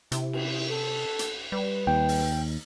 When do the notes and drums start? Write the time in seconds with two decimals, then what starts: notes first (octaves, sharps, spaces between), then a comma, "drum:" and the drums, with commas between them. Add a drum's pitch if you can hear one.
0.12 C3 E4, drum: hi-hat
0.33 drum: cymbal
0.70 A4
1.19 drum: hi-hat
1.52 G3 B4
1.87 D#2 G5
2.09 drum: open hi-hat